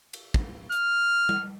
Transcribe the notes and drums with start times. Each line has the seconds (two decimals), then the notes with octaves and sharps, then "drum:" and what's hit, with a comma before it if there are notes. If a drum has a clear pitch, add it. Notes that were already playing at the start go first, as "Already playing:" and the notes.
0.13 drum: cymbal
0.34 drum: kick
0.72 F6, drum: hi-hat
1.29 drum: tom G3